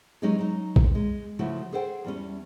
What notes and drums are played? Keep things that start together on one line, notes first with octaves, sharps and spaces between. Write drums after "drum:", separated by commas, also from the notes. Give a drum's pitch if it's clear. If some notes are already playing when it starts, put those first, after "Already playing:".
F#3 G#3 C#4 D#4 G4 G#4
F#3 D#4
drum: kick A#1
G#3
C#3 F3 A3 E4 F#4
G#4 A4 C5 F#5 G5
E2 G3 C#4